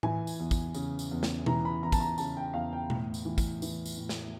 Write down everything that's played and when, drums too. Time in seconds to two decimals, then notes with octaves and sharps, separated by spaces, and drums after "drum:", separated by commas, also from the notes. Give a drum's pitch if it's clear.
0.03 E3 G#5, drum: tom A2
0.27 drum: tambourine
0.40 E2
0.51 drum: kick, tambourine
0.74 C#3, drum: tambourine
0.99 drum: tambourine
1.11 E2
1.23 drum: snare
1.46 E3 A#5, drum: tom B2
1.65 B5
1.83 E2 A#5
1.92 A5, drum: kick, tambourine
2.00 A#5
2.18 C#3 A5, drum: tambourine
2.37 G5
2.54 E2 F5
2.73 G5
2.90 A2, drum: tom B2
3.14 drum: tambourine
3.25 E3
3.38 drum: kick, tambourine
3.62 E3, drum: tambourine
3.86 drum: tambourine
3.97 A2
4.09 drum: snare